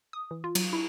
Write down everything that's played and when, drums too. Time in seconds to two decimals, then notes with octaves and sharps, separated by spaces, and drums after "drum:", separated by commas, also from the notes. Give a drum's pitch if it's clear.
0.13 D#6
0.31 E3
0.44 F4
0.55 F#3, drum: cymbal
0.73 E4